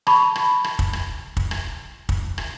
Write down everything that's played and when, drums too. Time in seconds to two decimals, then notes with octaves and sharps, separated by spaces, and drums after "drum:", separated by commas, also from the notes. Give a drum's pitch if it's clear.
0.07 A5 B5 C#6, drum: rim click
0.36 drum: rim click
0.64 drum: rim click
0.79 drum: kick
0.93 drum: rim click
1.37 drum: kick
1.51 drum: rim click
2.09 drum: kick
2.38 drum: rim click